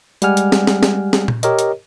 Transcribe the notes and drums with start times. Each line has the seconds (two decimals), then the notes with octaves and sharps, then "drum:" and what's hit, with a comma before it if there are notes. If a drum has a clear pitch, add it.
0.22 G3 G#3 G4 F#5 G#5 F6, drum: hi-hat
0.37 drum: hi-hat
0.52 drum: snare
0.67 drum: snare
0.83 drum: snare
1.13 drum: snare
1.28 drum: tom A#2
1.43 G4 A#4 C#5 D#5, drum: hi-hat
1.59 drum: hi-hat